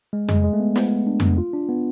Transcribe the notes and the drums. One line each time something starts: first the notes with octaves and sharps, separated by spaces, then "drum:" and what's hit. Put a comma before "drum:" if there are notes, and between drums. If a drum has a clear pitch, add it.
G#3
G#3, drum: tom F2
G#3
A3
B3
B3, drum: snare
D4
drum: tom F2
F4
D4
B3